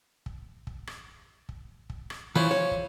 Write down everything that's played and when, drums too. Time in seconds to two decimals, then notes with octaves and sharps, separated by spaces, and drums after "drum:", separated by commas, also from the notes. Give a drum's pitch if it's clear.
0.26 drum: kick
0.67 drum: kick
0.87 drum: rim click
1.49 drum: kick
1.90 drum: kick
2.10 drum: rim click
2.36 E3 F3 C#4
2.51 C#5
2.71 drum: kick